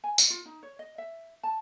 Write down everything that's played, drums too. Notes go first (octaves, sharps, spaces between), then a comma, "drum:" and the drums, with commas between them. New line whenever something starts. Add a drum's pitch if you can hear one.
G#5
D#5, drum: tambourine
F4
D#4
C#5
D#5
E5
A5